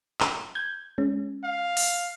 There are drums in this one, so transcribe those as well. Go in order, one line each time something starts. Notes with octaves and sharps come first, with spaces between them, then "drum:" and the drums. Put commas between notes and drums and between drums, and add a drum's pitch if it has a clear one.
drum: clap
G6 G#6
G#3 C#4
F5
drum: open hi-hat